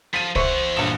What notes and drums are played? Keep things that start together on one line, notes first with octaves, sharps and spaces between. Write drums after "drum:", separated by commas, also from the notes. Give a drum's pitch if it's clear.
F3 B6 D#7
E3 C5 E5 F#5 C#6, drum: kick
A#1 G2 E7